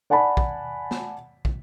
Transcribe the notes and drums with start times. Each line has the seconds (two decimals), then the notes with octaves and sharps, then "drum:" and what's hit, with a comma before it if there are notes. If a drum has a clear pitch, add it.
0.10 D5 F#5 G#5 A5 B5
0.37 drum: kick
0.91 drum: snare
1.45 drum: kick